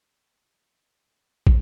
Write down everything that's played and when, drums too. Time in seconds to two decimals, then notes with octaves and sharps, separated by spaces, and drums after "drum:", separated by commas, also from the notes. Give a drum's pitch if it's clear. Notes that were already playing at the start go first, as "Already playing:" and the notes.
Already playing: C#4
0.30 D4
1.08 D4
1.47 drum: kick